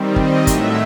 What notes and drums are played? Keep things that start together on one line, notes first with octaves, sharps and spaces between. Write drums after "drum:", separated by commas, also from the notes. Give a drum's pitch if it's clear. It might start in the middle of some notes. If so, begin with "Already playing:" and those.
Already playing: D#3 G3 C4
D#5, drum: kick
A2 F#3 A3 E5, drum: kick, hi-hat